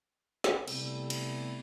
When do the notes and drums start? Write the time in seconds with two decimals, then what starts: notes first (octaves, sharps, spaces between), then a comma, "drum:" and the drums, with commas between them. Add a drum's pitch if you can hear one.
0.44 drum: snare
0.68 C3 G3 A3 B3 E4, drum: cymbal
1.10 drum: cymbal